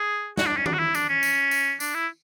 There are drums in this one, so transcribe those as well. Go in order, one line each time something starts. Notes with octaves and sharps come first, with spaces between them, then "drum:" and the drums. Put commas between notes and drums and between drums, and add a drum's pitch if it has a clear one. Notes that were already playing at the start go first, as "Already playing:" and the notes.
Already playing: G#4
F#4, drum: snare
D4
C#4
D4, drum: tom D#3
F#4
E4
D4, drum: tambourine
C#4
drum: tambourine
drum: tambourine
D4, drum: tambourine
E4